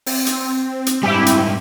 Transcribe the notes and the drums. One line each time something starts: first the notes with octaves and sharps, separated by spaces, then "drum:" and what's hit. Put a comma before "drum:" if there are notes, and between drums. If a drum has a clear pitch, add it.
C4, drum: open hi-hat
drum: hi-hat
drum: hi-hat
G#2 G3 E4 G4
drum: hi-hat